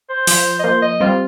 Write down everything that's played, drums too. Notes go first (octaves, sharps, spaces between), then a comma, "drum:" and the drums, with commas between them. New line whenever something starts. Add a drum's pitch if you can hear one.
C5
F3, drum: open hi-hat
D#5
F3 A#3 C5
D#5
G3 C4 F4